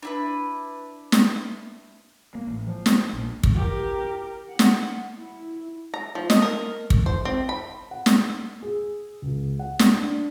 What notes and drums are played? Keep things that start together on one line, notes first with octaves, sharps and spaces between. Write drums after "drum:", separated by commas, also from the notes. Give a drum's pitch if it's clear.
D4 E4 B4
drum: snare
A#3
A1
F3
drum: snare
A#1
drum: kick
G4 A#4
F#5
drum: snare
E4
A#5
F3
D#5, drum: snare
A#4
drum: kick
C5
C4
B5
F#5
drum: snare
E6
G#4
C#2
F#5
drum: snare
D4